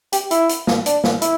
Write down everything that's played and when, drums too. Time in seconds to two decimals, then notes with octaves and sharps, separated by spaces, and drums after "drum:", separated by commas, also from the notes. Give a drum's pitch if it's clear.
0.12 G4, drum: hi-hat
0.31 E4, drum: hi-hat
0.49 drum: hi-hat
0.67 drum: snare
0.86 D4, drum: hi-hat
1.04 drum: snare
1.22 E4, drum: hi-hat